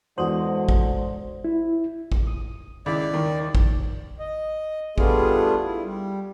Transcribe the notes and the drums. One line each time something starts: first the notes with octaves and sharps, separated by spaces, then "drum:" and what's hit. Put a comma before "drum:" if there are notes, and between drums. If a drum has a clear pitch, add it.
E2 D3 G#3 F#4 C5 D#6 F#7
drum: kick
E4
drum: kick
D#6
C#2 D#3 E4 D5 B6
D#2 D#3
drum: kick
D#5
G3 A3 B3 D4 F4 G#4, drum: kick
E4
G3